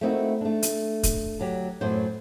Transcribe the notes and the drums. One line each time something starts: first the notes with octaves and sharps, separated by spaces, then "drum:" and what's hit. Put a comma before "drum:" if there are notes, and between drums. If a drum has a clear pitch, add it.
A3 A#3 C4 D#4 E4 F#4
A3 D4
drum: hi-hat
drum: kick, hi-hat
D2 F#3 G4
F#2 A2 F#3 C5